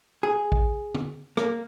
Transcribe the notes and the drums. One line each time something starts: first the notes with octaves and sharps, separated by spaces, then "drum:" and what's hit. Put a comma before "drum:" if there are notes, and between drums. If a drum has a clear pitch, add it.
G#4
drum: kick
drum: tom
A#3, drum: rim click